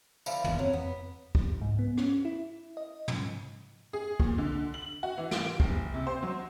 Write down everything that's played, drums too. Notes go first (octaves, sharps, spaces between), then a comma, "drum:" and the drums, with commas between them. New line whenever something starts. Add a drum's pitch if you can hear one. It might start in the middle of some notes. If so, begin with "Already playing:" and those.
D3 F3 E4, drum: tambourine
F#1 E2, drum: tom
F#3 C4
F2 B3
drum: kick
G#2
B3
C#4, drum: rim click
E4
D#5
drum: tom
G#4
A#2, drum: kick
D3
F#7
F#4
E3
D7, drum: snare
F#1, drum: kick
C3
C5
F#3